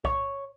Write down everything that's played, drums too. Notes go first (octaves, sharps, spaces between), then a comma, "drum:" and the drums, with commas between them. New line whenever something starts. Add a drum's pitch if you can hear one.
C#5, drum: kick B1